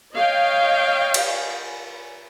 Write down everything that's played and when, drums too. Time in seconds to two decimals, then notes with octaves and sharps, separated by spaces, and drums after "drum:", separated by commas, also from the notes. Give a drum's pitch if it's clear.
0.15 C#5 D#5 F5 G5
1.14 drum: cymbal